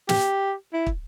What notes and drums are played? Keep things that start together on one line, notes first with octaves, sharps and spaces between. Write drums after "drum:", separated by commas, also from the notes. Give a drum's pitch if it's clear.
G4, drum: snare
E4
drum: kick